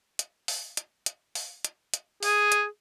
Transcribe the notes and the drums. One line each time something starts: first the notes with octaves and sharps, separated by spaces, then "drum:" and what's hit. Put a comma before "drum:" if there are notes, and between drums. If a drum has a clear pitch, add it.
drum: hi-hat
drum: open hi-hat
drum: hi-hat
drum: hi-hat
drum: open hi-hat
drum: hi-hat
drum: hi-hat
G#4, drum: open hi-hat
drum: hi-hat